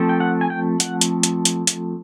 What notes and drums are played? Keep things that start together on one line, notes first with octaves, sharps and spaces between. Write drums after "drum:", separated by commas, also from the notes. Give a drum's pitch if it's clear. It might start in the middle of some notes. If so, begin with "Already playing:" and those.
Already playing: F3 A3 C4
G5
F#5
G#5
G5
F#5, drum: hi-hat
drum: hi-hat
drum: hi-hat
drum: hi-hat
drum: hi-hat